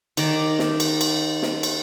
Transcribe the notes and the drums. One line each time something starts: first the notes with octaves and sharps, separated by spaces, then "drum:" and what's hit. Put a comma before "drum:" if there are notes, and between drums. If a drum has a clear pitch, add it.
D#3 D5 A#5 D6, drum: cymbal
drum: snare
drum: cymbal
drum: cymbal
drum: snare
drum: cymbal